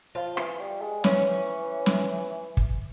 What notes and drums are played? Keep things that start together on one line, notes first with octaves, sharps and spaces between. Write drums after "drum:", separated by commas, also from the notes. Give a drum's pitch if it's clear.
F3 F4
E3, drum: rim click
G3
G#3
E3 C#4, drum: snare
drum: snare
drum: kick